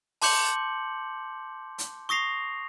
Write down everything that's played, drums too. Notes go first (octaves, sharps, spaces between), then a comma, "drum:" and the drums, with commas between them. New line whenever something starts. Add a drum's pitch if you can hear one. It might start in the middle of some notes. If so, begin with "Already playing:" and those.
A5 C6 D6 G6 C#7 F#7, drum: open hi-hat
drum: hi-hat
C#6 D#6 A#6 C7 F7